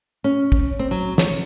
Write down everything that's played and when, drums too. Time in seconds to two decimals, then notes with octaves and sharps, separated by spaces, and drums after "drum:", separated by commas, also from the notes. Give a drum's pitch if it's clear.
0.24 C#4
0.52 drum: kick
0.79 C4
0.91 F#3
1.18 C#5, drum: snare